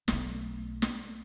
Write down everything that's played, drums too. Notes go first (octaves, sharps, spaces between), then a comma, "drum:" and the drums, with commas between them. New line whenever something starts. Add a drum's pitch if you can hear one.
B1 A3, drum: snare
drum: snare